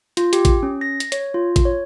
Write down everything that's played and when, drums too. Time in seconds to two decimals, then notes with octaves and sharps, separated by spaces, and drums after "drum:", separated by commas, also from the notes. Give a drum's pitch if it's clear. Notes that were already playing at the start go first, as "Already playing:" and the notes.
0.17 F4, drum: hi-hat
0.33 G4, drum: hi-hat
0.45 drum: kick A1, hi-hat
0.63 C#4
0.81 A#6
1.00 drum: hi-hat
1.12 C#5, drum: hi-hat
1.34 F4
1.56 drum: kick A1, hi-hat
1.65 C#5